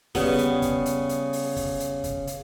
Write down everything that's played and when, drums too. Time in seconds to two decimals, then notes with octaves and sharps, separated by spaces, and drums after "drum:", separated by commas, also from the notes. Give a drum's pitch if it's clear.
0.15 C#3 G3 B3, drum: kick, open hi-hat
0.38 drum: hi-hat
0.62 drum: kick, hi-hat
0.86 drum: hi-hat
1.09 drum: hi-hat
1.33 drum: open hi-hat
1.56 drum: kick, open hi-hat
1.80 drum: hi-hat
2.04 drum: kick, hi-hat
2.27 drum: hi-hat